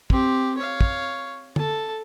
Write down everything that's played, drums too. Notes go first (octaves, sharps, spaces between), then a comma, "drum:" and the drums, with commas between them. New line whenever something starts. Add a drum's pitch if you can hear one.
C4 G4, drum: kick
C#5 F5
drum: kick
A4 A5, drum: tom